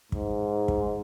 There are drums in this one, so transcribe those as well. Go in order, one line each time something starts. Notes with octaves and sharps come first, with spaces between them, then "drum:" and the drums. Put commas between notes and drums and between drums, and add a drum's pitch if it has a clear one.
G#2, drum: kick
drum: kick